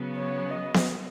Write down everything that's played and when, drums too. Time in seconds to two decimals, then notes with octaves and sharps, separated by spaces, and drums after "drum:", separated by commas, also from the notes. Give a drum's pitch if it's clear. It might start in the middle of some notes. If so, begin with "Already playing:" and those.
Already playing: C#3 F#3 B3
0.15 C#5
0.50 D#5
0.74 drum: snare B3